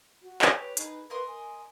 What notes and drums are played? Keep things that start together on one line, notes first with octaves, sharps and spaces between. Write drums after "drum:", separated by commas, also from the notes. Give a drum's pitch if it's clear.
F#4
G4 C#5 G#5, drum: clap
B4
D#4 G#4 B4, drum: hi-hat
A#4 B4 D#5 C6
G#5